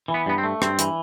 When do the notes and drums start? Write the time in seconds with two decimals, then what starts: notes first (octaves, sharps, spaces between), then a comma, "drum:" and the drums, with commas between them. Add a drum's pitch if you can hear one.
0.08 E3
0.14 B3
0.26 G2 B3
0.38 C4
0.43 A3
0.62 G2 C4, drum: rim click
0.79 E3, drum: hi-hat